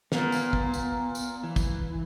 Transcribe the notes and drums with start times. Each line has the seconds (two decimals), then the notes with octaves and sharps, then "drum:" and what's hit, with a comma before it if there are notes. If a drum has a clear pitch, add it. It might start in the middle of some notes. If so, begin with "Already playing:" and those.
0.12 A#2 A#3 B3, drum: snare
0.32 drum: tambourine
0.53 drum: kick
0.74 drum: tambourine
1.15 drum: tambourine
1.43 E3
1.56 drum: kick, tambourine